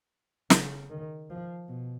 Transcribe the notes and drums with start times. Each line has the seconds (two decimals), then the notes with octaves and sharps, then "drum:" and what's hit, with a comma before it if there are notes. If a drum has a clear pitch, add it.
0.50 C#3, drum: snare
0.90 D#3
1.30 F3
1.68 B2